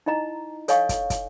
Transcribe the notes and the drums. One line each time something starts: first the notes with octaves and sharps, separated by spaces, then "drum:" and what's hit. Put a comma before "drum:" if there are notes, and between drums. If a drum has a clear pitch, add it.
D#4 E4 D#5 A#5
A4 C#5 D#5 F5 G#5 C#6, drum: hi-hat
drum: kick, hi-hat
drum: kick, hi-hat